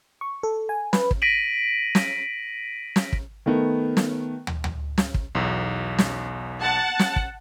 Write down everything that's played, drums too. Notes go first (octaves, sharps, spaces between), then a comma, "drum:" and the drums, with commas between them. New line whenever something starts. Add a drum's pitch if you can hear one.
C#6
A4
G#5
B4, drum: snare
drum: kick
A#6 B6 D7 D#7 F#7
drum: snare
drum: snare
drum: kick
D#3 A3 B3
drum: snare
drum: tom
drum: tom
drum: snare
drum: kick
B1 E2
drum: snare
F#5 A5
drum: snare
drum: kick